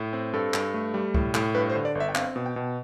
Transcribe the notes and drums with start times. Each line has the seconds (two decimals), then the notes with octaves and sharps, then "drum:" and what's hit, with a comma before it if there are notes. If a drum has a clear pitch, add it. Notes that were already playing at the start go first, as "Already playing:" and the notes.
Already playing: A2
0.13 C4
0.33 G2 A4
0.54 G2, drum: clap
0.74 A3
0.94 G3
1.14 A2, drum: kick C#2
1.34 A2, drum: clap
1.55 G2 B4
1.70 C5
1.75 D3
1.85 D5
1.95 G1
2.00 E5
2.09 G5
2.15 C4 F5, drum: clap
2.36 B2
2.46 G5
2.56 B2